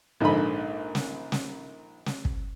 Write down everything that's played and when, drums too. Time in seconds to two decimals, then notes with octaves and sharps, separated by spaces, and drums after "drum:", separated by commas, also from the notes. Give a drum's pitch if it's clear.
0.20 A#1 G#2 D3 A4 D#5 B5
0.95 drum: snare
1.32 drum: snare
2.06 drum: snare
2.25 drum: kick